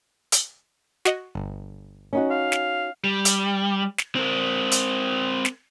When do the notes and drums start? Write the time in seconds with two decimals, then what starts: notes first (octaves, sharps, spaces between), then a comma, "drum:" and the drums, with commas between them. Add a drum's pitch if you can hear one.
0.32 drum: hi-hat
1.05 F#4 D#5, drum: snare
1.35 G1
2.13 C#4 D#4 F#4
2.31 F5
2.52 drum: snare
3.04 G3
3.25 drum: hi-hat
3.98 drum: snare
4.15 C4 A#4
4.72 drum: hi-hat
5.45 drum: snare